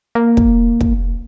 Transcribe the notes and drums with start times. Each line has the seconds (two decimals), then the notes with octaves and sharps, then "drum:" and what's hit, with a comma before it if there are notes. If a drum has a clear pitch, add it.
0.15 A#3
0.37 drum: kick
0.81 drum: kick